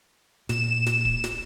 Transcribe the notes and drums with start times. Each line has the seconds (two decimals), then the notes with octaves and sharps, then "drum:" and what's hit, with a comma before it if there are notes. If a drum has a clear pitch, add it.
0.49 A#2 E7, drum: snare
0.86 drum: snare
1.05 drum: kick
1.24 drum: snare